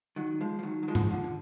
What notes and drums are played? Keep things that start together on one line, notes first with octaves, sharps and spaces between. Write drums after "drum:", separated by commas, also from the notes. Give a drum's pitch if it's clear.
D#3 F#3
F3 G#3
F3
D#3 F#3
F#3
F3 G#3
D3, drum: tom G#2
D#3
D3 F3
D3